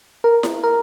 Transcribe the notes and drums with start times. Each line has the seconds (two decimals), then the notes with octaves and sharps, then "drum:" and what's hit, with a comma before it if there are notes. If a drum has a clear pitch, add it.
0.24 A#4
0.43 drum: snare E4
0.63 A#4